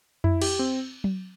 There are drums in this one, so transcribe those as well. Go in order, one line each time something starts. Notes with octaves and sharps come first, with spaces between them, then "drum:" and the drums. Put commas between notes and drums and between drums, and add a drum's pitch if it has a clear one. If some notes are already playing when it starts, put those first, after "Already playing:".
E4, drum: tom F2
G4, drum: cymbal
C4
drum: tom F#3